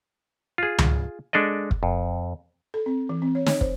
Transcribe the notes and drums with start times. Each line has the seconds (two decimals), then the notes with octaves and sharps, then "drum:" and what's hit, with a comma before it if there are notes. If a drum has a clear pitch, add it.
0.58 F4 G#4
0.78 drum: tom C#2
1.33 G#3 D4 A4 D5 D#5
1.71 drum: kick
1.83 F2
2.74 A4
2.86 C4
3.09 E3
3.22 C4
3.35 C#5
3.46 C#5, drum: snare
3.61 C5, drum: kick